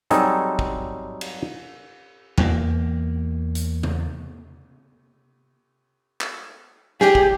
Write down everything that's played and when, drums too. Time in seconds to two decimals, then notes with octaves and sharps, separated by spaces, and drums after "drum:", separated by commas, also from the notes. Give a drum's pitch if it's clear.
0.11 F#3 G3 C4 D#4 G#4 A4, drum: hi-hat
0.59 drum: kick
1.21 drum: cymbal
2.38 E2 A#3, drum: tom E2
3.55 drum: hi-hat
3.83 drum: tom C3
6.21 drum: clap
7.01 G4 G#4, drum: snare
7.15 drum: kick